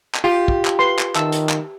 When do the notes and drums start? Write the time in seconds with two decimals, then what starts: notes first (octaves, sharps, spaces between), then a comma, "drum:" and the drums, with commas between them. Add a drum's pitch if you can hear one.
0.15 drum: clap
0.24 F4 G4
0.48 drum: kick
0.65 drum: clap
0.79 B4 C6
0.99 drum: clap
1.16 D#3 E5 A5 E6, drum: clap
1.32 drum: hi-hat
1.49 drum: clap